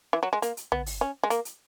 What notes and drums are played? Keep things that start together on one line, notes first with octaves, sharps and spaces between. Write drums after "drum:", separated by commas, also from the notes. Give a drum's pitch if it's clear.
E3
F#3
G#3
A#3, drum: hi-hat
drum: hi-hat
B3, drum: tom
drum: open hi-hat
C#4
G#3
A#3, drum: hi-hat
drum: hi-hat